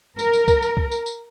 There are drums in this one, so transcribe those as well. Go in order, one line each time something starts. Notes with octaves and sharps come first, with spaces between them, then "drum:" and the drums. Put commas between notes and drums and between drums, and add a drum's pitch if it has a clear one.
A#4, drum: tambourine
drum: tambourine
drum: kick, tambourine
drum: tambourine
drum: kick
drum: tambourine
drum: tambourine